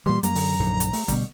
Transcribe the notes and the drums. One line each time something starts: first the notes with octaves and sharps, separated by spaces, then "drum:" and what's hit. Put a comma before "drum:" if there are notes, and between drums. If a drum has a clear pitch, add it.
A#2 E3 G3 C6
F#2 G3 A#3 A#5, drum: hi-hat
D3, drum: open hi-hat
A#1 G#2 D3
drum: hi-hat
A3, drum: open hi-hat
D2 B2 G3, drum: kick G1, hi-hat